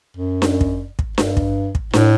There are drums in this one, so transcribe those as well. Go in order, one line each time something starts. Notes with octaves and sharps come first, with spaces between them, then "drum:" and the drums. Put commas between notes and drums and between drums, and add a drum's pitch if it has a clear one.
F#2
drum: snare D4
drum: kick
drum: kick
G2, drum: snare D4
drum: kick
drum: kick
A2, drum: snare D4